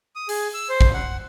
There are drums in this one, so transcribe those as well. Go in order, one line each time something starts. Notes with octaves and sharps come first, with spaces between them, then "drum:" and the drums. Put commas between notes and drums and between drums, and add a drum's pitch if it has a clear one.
D#6
G#4, drum: open hi-hat
E6
C5
drum: kick
F#5